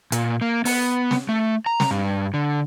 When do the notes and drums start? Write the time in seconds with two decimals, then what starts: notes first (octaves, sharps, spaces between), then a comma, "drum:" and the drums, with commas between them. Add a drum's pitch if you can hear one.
0.12 A#2, drum: hi-hat
0.41 A#3
0.65 B3, drum: open hi-hat
1.11 drum: snare
1.29 A3
1.66 A#5
1.80 drum: snare
1.91 G2
2.34 D3